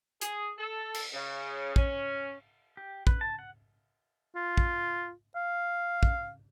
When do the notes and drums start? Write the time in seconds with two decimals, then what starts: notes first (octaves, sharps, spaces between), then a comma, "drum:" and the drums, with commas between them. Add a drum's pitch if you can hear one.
0.21 G#4, drum: hi-hat
0.58 A4
0.94 drum: cymbal
1.13 C#3
1.76 C#4, drum: kick
2.77 G4
3.07 B4, drum: kick
3.21 A5
3.39 F#5
4.35 F4
4.57 drum: kick
5.35 F5
6.03 drum: kick